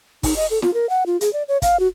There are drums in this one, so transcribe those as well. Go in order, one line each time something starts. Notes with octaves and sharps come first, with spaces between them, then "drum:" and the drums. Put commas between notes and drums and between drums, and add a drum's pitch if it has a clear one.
D#4, drum: kick, open hi-hat
D#5
A4
F4, drum: snare
A#4
F#5
F4
G#4, drum: hi-hat
D5
C#5
F5, drum: kick, hi-hat
F#4